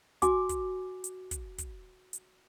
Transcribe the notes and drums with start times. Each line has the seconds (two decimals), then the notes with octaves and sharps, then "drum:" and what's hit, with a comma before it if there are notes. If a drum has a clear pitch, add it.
0.22 F#4 G#5 D6, drum: kick, hi-hat
0.49 drum: kick, hi-hat
1.04 drum: hi-hat
1.31 drum: kick, hi-hat
1.58 drum: kick, hi-hat
2.13 drum: hi-hat